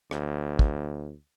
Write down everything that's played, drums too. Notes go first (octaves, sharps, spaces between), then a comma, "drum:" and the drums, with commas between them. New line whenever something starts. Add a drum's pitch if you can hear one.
D2, drum: rim click
drum: kick